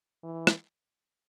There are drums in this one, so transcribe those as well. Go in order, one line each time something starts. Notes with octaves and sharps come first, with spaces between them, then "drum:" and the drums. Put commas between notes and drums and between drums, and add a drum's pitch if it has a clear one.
E3
drum: rim click